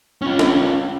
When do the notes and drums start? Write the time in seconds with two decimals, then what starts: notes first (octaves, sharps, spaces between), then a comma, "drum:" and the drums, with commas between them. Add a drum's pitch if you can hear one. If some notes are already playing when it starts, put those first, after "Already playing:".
0.22 C#4 F4
0.39 drum: snare